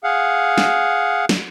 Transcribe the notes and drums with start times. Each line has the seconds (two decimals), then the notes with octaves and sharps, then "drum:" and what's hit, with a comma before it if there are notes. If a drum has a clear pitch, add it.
0.04 G#4 F5 F#5
0.58 drum: snare
1.29 drum: snare